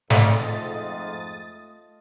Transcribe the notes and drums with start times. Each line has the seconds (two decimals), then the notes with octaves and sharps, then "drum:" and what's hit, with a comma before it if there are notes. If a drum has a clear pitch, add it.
0.10 F2 G#2 A3 F4 D#5 A5 D#6 A6, drum: snare